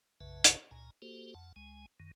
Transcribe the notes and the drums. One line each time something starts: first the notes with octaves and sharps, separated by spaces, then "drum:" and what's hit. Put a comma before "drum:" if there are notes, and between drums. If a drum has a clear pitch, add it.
B1 F#2 C#3 B4 E5 A5
drum: hi-hat
C#2 A#2 G#5 A#5
A#3 F#4 G4 A4 C5
F2 F#5 A5
C#2 G#3 G#5
F#2 D#3